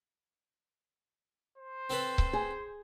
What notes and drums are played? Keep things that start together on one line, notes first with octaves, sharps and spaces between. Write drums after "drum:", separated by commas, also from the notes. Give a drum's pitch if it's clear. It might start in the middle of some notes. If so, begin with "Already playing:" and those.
C5
C4 A4 B4
drum: kick C#1
G#4